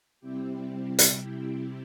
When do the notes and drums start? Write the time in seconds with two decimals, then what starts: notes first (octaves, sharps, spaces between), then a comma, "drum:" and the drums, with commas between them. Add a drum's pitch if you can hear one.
0.20 C3 G3 C4 E4 G4
0.99 drum: hi-hat